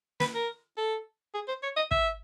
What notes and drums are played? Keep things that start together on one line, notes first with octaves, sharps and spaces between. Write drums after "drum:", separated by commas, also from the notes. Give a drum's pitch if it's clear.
B4, drum: snare
A#4
A4
G#4
C5
C#5
D#5
E5, drum: kick